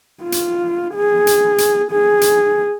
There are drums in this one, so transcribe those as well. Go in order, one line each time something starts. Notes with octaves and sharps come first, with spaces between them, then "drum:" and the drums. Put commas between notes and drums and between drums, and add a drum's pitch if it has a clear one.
F4
drum: hi-hat
G#4
drum: hi-hat
drum: hi-hat
G#4
drum: hi-hat